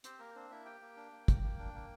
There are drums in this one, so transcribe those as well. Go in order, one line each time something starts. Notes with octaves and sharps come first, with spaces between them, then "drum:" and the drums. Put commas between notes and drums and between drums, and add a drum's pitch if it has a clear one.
C4 G4 C5, drum: hi-hat
A#3 A#4
C4 D4 C5
A#3 E4 E5
G4 G5
A#3
D4
A#3
G4, drum: kick, hi-hat
A#3
D4
A#3